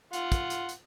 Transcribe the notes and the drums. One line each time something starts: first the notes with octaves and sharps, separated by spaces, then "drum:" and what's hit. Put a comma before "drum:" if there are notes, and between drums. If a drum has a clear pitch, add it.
F4 F#5, drum: hi-hat
drum: kick, hi-hat
drum: hi-hat
drum: hi-hat